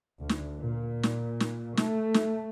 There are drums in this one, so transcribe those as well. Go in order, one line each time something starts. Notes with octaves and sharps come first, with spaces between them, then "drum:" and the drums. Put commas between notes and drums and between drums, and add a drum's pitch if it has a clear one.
D2
drum: snare
A#2
drum: snare
drum: snare
A3, drum: snare
drum: snare